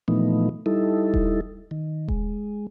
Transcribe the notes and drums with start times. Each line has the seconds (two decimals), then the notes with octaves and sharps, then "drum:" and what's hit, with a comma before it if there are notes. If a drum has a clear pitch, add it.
0.08 A#2 E3 F3 A3 B3 D#4
0.66 G3 D#4 E4 A4
1.14 drum: kick D#1
1.71 D#3
2.08 G#3, drum: kick D#1